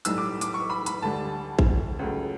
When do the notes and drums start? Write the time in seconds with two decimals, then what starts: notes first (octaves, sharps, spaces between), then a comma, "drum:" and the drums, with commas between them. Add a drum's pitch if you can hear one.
0.05 B1 A2 G3 E6, drum: hi-hat
0.18 D6
0.41 D6, drum: hi-hat
0.54 C#6
0.70 B5
0.86 B5, drum: hi-hat
1.02 D2 D3 G3 A5
1.59 drum: kick A1
1.99 C#2 C#3 F#3 A3